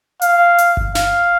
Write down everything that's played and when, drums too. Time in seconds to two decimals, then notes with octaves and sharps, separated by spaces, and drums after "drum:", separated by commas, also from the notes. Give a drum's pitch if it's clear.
0.22 F5, drum: hi-hat
0.58 drum: hi-hat
0.77 drum: kick G1
0.95 F5, drum: snare